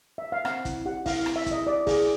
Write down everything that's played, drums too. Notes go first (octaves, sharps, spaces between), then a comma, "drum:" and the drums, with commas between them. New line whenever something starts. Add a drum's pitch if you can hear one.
E5
F5
C4 F#5, drum: rim click
E4, drum: kick, hi-hat
G4 F#5
E4 F5, drum: kick, open hi-hat
C4, drum: rim click
E5
E4, drum: kick, hi-hat
D#5
G4 D5
E4 G#4, drum: kick, open hi-hat